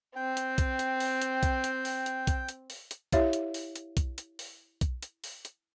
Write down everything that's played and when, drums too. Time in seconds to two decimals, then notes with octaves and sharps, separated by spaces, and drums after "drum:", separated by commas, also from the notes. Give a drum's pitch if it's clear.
0.16 C4 G5
0.37 drum: hi-hat
0.58 drum: kick B1, hi-hat
0.79 drum: hi-hat
1.00 drum: open hi-hat
1.22 drum: hi-hat
1.43 drum: kick B1, hi-hat
1.64 drum: hi-hat
1.85 drum: open hi-hat
2.06 drum: hi-hat
2.27 drum: kick B1, hi-hat
2.49 drum: hi-hat
2.70 drum: open hi-hat
2.91 drum: hi-hat
3.13 E4 G4 C#5 E5 F5, drum: kick B1, hi-hat
3.33 drum: hi-hat
3.54 drum: open hi-hat
3.76 drum: hi-hat
3.97 drum: kick B1, hi-hat
4.18 drum: hi-hat
4.39 drum: open hi-hat
4.81 drum: kick B1, hi-hat
5.02 drum: hi-hat
5.24 drum: open hi-hat
5.45 drum: hi-hat